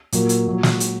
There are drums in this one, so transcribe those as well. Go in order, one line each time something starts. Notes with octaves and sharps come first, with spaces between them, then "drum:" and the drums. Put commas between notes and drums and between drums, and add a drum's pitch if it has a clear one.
A#2 F#3 A#3, drum: hi-hat
drum: hi-hat
A#2 F#3
drum: snare
drum: hi-hat